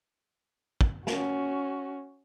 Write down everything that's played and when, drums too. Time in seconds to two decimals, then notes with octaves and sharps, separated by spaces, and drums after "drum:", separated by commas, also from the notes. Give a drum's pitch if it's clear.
0.81 drum: kick
1.07 C#4 F#4, drum: snare